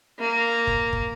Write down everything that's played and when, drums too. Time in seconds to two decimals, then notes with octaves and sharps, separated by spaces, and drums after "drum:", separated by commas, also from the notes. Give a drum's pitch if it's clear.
0.19 A#3
0.67 drum: kick
0.93 drum: kick